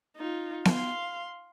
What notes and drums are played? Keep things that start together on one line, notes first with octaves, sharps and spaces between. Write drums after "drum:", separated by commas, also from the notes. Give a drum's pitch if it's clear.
D#4 F4
F5 C6, drum: snare B3